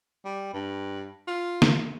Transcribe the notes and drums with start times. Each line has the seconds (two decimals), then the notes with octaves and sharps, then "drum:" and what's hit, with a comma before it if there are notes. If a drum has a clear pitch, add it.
0.25 G3
0.54 G2
1.27 F4
1.62 drum: snare